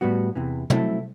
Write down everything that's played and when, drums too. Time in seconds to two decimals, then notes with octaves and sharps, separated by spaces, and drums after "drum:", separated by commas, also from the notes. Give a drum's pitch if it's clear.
0.01 A2 G3 B3 F#4
0.35 E2 C3 E3
0.70 F#3 A3 C4 E4 A4, drum: tom